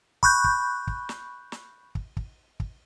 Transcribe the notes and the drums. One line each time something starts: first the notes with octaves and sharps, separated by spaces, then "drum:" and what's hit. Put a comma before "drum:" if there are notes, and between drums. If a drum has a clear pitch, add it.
B5 C#6 F#6 G6, drum: kick
drum: kick
drum: kick
drum: snare
drum: snare
drum: kick
drum: kick
drum: kick